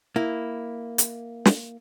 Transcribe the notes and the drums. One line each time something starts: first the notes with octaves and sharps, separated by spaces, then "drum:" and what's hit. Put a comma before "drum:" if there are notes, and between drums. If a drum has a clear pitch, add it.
A#3 E4
drum: hi-hat
drum: snare